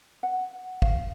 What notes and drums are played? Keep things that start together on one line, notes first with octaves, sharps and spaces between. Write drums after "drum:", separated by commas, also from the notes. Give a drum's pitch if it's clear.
F#5
F5, drum: kick